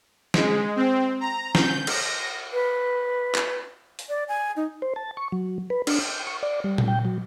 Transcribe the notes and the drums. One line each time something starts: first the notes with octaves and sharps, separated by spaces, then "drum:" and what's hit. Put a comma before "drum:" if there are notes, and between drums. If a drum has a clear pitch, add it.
G#3, drum: snare
C4
A#5
G6, drum: snare
A#6, drum: cymbal
B4
drum: clap
drum: open hi-hat
D5
G#5
D#4
C5
A5
C#6
F#3
B4
D4, drum: cymbal
G5
C#6
D5
G3
drum: tom A#2
G5
F#3